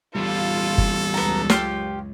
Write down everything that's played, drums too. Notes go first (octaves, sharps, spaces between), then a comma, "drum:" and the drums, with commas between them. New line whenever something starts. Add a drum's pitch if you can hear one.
E2 G3 F4 A4
drum: kick F#1
C#2 F#2 B3 A#5
F4 G4, drum: snare